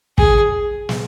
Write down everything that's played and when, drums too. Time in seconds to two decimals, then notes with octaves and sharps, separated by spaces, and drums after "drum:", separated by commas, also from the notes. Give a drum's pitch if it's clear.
0.18 G#4, drum: kick
0.89 drum: snare